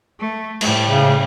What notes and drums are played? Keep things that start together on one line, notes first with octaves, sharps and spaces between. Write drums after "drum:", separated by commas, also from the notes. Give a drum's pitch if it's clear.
A3
A2 G3, drum: cymbal
C#3